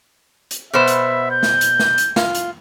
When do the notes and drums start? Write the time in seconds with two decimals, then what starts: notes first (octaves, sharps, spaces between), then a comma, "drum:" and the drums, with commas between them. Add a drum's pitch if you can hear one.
0.51 drum: hi-hat
0.73 B2 B3 C5 E5
0.88 drum: hi-hat
1.31 G6
1.43 drum: snare
1.61 drum: hi-hat
1.79 drum: snare
1.98 drum: hi-hat
2.16 F4, drum: snare
2.35 drum: hi-hat